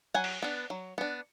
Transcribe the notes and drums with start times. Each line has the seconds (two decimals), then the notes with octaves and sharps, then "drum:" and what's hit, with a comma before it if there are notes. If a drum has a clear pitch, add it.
0.14 F#3 F#5 G#5
0.24 drum: open hi-hat
0.42 B3 D4
0.70 F#3
0.98 B3 D4